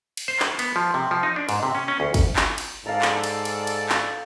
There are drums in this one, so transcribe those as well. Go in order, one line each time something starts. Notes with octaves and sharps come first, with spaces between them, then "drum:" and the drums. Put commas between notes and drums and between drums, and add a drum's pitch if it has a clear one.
drum: cymbal
C5
drum: clap
B3, drum: cymbal
F3
C3
F3
D#4
D4
G#2, drum: cymbal
C3
C#4
C#4
D2
drum: kick, cymbal
drum: clap
drum: cymbal
G#2 A4 D5 F5 A#5
drum: clap
drum: cymbal
drum: cymbal
drum: cymbal
drum: clap